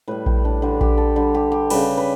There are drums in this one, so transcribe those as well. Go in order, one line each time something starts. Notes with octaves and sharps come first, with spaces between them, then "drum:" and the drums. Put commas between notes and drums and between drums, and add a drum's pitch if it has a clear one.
A2 G3 B4
G4, drum: kick A#1
D4
D3 G3
G4, drum: kick A#1
A4
D3 G3 G4
G4
G4
C#3 G3 B4, drum: cymbal
B4